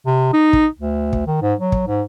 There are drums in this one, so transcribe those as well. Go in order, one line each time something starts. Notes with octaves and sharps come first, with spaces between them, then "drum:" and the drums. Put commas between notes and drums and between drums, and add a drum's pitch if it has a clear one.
C3
D#4
drum: kick
D2
drum: kick
D#3
G#2
F#3
drum: kick
G#2